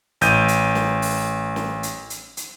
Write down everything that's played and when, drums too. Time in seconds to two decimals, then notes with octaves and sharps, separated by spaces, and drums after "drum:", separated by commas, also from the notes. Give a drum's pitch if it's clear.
0.21 A1 G6 D#7, drum: hi-hat
0.48 drum: hi-hat
0.75 drum: snare
1.02 drum: open hi-hat
1.56 drum: snare
1.83 drum: hi-hat
2.10 drum: hi-hat
2.37 drum: hi-hat